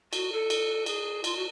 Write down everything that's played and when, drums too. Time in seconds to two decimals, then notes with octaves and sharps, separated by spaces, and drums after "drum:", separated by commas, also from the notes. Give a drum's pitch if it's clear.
0.13 F#4, drum: cymbal
0.32 A4
0.50 drum: cymbal
0.86 G#4, drum: cymbal
1.24 F4, drum: cymbal
1.36 F#4